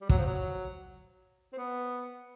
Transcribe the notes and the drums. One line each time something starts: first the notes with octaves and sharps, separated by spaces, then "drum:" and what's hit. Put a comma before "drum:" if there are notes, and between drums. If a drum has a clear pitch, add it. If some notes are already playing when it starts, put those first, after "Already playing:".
G3
F#3, drum: kick
F3
F#3
C4
B3